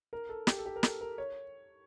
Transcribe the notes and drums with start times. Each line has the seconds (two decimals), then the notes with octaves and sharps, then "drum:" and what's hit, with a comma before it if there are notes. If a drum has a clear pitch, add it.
0.13 A#4
0.29 A4
0.47 G4, drum: snare
0.58 A4
0.66 G4
0.76 A#4
0.83 A4, drum: snare
1.01 A#4
1.18 C#5